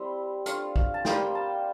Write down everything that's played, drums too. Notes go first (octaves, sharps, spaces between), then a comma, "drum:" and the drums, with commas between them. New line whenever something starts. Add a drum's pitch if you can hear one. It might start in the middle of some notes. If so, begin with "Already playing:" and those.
Already playing: G3 C4 E4 C6
A3 D4 F4 F5, drum: hi-hat
drum: kick A#1
A5
G3 A#3 F4 G5, drum: snare
A5